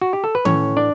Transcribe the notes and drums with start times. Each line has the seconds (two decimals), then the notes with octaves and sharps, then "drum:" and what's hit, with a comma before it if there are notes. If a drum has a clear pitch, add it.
0.01 F#4
0.13 G4
0.24 A4
0.35 B4
0.45 A2 E3 C#4 C#5, drum: tom D#3
0.77 D4 D5